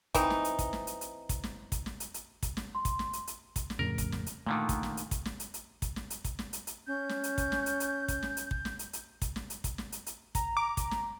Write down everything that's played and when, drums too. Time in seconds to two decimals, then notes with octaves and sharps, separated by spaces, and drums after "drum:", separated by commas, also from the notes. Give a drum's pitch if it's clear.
0.15 E3 C4 D#4, drum: kick, hi-hat
0.30 drum: snare
0.44 drum: hi-hat
0.59 drum: kick, hi-hat
0.73 drum: snare
0.87 drum: hi-hat
1.01 drum: hi-hat
1.29 drum: kick, hi-hat
1.44 drum: snare
1.72 drum: kick, hi-hat
1.86 drum: snare
2.00 drum: hi-hat
2.14 drum: hi-hat
2.43 drum: kick, hi-hat
2.57 drum: snare
2.75 C6
2.85 drum: kick, hi-hat
2.99 drum: snare
3.13 drum: hi-hat
3.27 drum: hi-hat
3.56 drum: kick, hi-hat
3.70 drum: snare
3.79 F2 A2 C#3 A#4
3.98 drum: kick, hi-hat
4.12 drum: snare
4.26 drum: hi-hat
4.47 A#2 D3 D#3 A3
4.69 drum: kick, hi-hat
4.83 drum: snare
4.97 drum: hi-hat
5.11 drum: kick, hi-hat
5.25 drum: snare
5.40 drum: hi-hat
5.54 drum: hi-hat
5.82 drum: kick, hi-hat
5.96 drum: snare
6.10 drum: hi-hat
6.25 drum: kick, hi-hat
6.39 drum: snare
6.53 drum: hi-hat
6.67 drum: hi-hat
6.87 C#4 G6
7.09 drum: snare
7.24 drum: hi-hat
7.38 drum: kick, hi-hat
7.52 drum: snare
7.66 drum: hi-hat
7.80 drum: hi-hat
8.08 drum: kick, hi-hat
8.23 drum: snare
8.37 drum: hi-hat
8.51 drum: kick
8.65 drum: snare
8.79 drum: hi-hat
8.93 drum: hi-hat
9.22 drum: kick, hi-hat
9.36 drum: snare
9.50 drum: hi-hat
9.64 drum: kick, hi-hat
9.78 drum: snare
9.92 drum: hi-hat
10.06 drum: hi-hat
10.35 A#5, drum: kick, hi-hat
10.57 A#5 D6
10.77 drum: kick, hi-hat
10.91 drum: snare